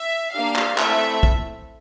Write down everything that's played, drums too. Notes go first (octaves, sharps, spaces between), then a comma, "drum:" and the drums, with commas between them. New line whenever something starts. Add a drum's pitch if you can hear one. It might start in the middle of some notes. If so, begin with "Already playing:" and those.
Already playing: E5
A#3 D4 G4 F5
drum: clap
A3 C4 E4 A4 E5, drum: clap
drum: kick